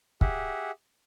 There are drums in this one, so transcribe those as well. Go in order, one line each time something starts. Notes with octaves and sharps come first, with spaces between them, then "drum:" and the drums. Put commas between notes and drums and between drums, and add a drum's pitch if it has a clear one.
G4 G#4 E5 F#5, drum: kick